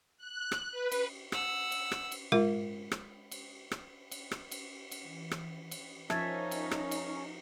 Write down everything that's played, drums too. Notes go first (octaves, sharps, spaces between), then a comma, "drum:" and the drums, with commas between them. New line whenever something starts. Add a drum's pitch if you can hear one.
F#6
drum: rim click
B4
drum: cymbal
F#5 E6, drum: rim click
drum: cymbal
drum: rim click
drum: cymbal
G#3 F4 A#4 E5, drum: tom
drum: rim click
drum: cymbal
drum: rim click
drum: cymbal
drum: rim click
drum: cymbal
drum: cymbal
E3
drum: rim click
drum: cymbal
F3 C#4 D#4 A#4 E5 A5 G#6 A6, drum: rim click
drum: cymbal
drum: rim click
drum: cymbal